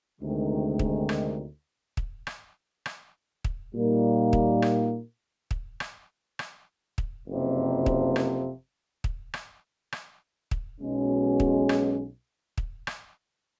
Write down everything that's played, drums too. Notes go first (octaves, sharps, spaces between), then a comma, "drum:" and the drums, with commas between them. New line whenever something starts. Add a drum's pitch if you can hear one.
D2 C3 D#3 G#3
drum: kick
drum: rim click
drum: kick
drum: rim click
drum: rim click
drum: kick
A#2 G3 A#3 D#4
drum: kick
drum: rim click
drum: kick
drum: rim click
drum: rim click
drum: kick
F#1 F2 C3
drum: kick
drum: rim click
drum: kick
drum: rim click
drum: rim click
drum: kick
B1 B2 G#3 C#4
drum: kick
drum: rim click
drum: kick
drum: rim click